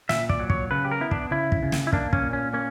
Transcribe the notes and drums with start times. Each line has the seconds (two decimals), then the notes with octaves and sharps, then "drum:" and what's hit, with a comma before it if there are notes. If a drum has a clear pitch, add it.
0.09 A#2 E5, drum: snare
0.29 D5, drum: kick
0.39 F#3
0.50 C#5, drum: kick
0.71 C#3 B4
0.85 G4
0.91 A#4
1.01 B3 E4
1.11 D4, drum: kick
1.31 C#3 E4
1.52 drum: kick
1.63 C#3
1.72 drum: snare
1.87 E4
1.93 A#3 D4, drum: kick
2.13 C#4, drum: kick
2.23 A#2
2.33 C#4
2.53 A#3 C#4